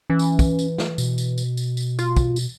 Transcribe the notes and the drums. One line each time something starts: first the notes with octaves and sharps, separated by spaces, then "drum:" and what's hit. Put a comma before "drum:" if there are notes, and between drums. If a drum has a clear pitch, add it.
E3 C#4
drum: tambourine
drum: kick, tambourine
drum: tambourine
drum: snare
B2, drum: tambourine
drum: tambourine
drum: tambourine
drum: tambourine
drum: tambourine
F4, drum: tambourine
drum: kick, tambourine
drum: tambourine